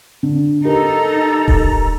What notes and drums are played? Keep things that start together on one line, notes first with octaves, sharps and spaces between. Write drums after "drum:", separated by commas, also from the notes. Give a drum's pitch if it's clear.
D3
D#4 G4 A4 A#4 A#5
drum: kick D#1